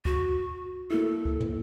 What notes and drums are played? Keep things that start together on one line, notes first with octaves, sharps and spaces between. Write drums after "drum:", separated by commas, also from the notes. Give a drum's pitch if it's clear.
F#4, drum: kick C#2
A#3 E4 A4
drum: kick C#2
drum: tom